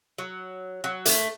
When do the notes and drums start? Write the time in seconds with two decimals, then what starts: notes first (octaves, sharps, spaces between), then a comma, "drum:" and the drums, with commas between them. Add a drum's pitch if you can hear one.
0.18 F#3
0.84 F#3
1.06 A3, drum: hi-hat